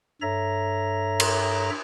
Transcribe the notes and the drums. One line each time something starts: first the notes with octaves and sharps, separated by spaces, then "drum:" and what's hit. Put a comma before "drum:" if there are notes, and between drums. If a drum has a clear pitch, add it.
G2 A4 C#5 E5 A#5 A#6
drum: cymbal